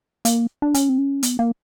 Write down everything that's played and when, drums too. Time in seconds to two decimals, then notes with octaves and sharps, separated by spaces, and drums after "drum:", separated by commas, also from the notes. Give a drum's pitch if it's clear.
0.25 A#3, drum: hi-hat
0.62 D4
0.74 C#4, drum: hi-hat
0.89 C4
0.98 C#4
1.23 B3, drum: hi-hat
1.39 A#3